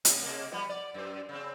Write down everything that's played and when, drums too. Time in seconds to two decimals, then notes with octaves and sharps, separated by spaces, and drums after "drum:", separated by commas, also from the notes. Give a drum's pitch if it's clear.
0.05 C3, drum: hi-hat
0.23 C3 G#3 A#3
0.52 F3 G3 B3
0.69 D5
0.94 F#2 C5
1.29 C#3 C4